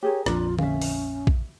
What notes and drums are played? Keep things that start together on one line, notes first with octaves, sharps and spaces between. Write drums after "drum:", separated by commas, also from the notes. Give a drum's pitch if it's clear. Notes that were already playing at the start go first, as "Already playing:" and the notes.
G4 G#4 A#4 C#5
A#1 F2 D4 F4 A#4, drum: rim click
C#4 E5 F5, drum: tom D3
drum: open hi-hat
drum: kick A#1